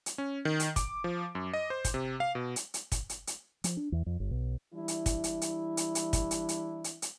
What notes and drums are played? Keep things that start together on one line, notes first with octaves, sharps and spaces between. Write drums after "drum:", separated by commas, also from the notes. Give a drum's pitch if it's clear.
drum: hi-hat
C#4
D#3
drum: hi-hat
D6, drum: kick, hi-hat
F3
F#2
D#5
C5
drum: kick, hi-hat
C3
F5
B2
drum: hi-hat
drum: hi-hat
drum: kick, hi-hat
drum: hi-hat
drum: hi-hat
F3, drum: hi-hat
D4
E2
F2
G1
B1
E3 G3 D4 E4
drum: hi-hat
drum: kick, hi-hat
drum: hi-hat
drum: hi-hat
drum: hi-hat
drum: hi-hat
drum: kick, hi-hat
drum: hi-hat
drum: hi-hat
drum: hi-hat
drum: hi-hat